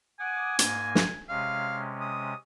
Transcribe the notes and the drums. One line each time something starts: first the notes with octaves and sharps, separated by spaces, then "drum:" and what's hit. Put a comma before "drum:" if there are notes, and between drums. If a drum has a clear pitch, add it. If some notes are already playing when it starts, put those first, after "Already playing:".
F#5 G#5 D6 D#6
G#2 A#3, drum: hi-hat
drum: snare
C3 G#3 C#4 F5
D#6